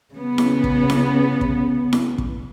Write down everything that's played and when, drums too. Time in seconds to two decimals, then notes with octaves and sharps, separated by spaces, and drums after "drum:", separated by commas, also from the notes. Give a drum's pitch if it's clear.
0.12 C#3 B3
0.38 drum: snare E4
0.64 drum: kick
0.90 drum: snare E4
1.41 drum: kick
1.93 drum: snare E4
2.18 drum: kick